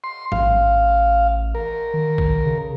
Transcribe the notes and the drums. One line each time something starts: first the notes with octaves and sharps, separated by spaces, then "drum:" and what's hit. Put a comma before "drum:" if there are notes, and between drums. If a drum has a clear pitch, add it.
C6
A1 F5, drum: tom G#2
A#4
D#3
drum: kick A#1
C#3